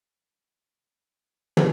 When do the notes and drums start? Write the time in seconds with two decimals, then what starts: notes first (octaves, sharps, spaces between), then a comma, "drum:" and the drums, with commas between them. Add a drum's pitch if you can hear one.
0.12 F3 G3 A#3 D#4 E4
1.57 drum: tom